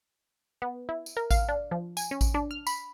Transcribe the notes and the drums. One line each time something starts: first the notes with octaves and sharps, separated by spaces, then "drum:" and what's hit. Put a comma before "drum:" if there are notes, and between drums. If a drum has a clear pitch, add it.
B3
E4
drum: tambourine
A#4
F5, drum: kick A1, tambourine
D4
F3
G#5, drum: tambourine
C#4
drum: kick A1, tambourine
D4
F6
B5, drum: tambourine